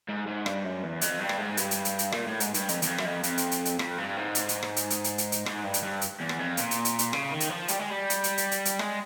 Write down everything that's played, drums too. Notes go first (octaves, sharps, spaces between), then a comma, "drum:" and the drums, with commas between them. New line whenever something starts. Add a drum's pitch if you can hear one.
G#2
G#2
G2, drum: rim click
F#2
E2
F2, drum: hi-hat
G2
drum: rim click
G#2
G2, drum: hi-hat
drum: hi-hat
drum: hi-hat
drum: hi-hat
A#2, drum: rim click
A2
G#2, drum: hi-hat
G2, drum: hi-hat
F2, drum: hi-hat
E2, drum: hi-hat
F2
F#2, drum: rim click
F2
F2, drum: hi-hat
drum: hi-hat
drum: hi-hat
drum: hi-hat
F2, drum: rim click
G2
G#2
drum: hi-hat
drum: hi-hat
drum: rim click
drum: hi-hat
drum: hi-hat
drum: hi-hat
drum: hi-hat
drum: hi-hat
G#2, drum: rim click
G2
drum: hi-hat
G2
drum: hi-hat
E2
drum: rim click
F2
A#2, drum: hi-hat
drum: hi-hat
drum: hi-hat
drum: hi-hat
C#3, drum: rim click
D#3
drum: hi-hat
F3
G3, drum: hi-hat
G#3
G3
drum: hi-hat
drum: hi-hat
drum: hi-hat
drum: hi-hat
drum: hi-hat
G#3, drum: rim click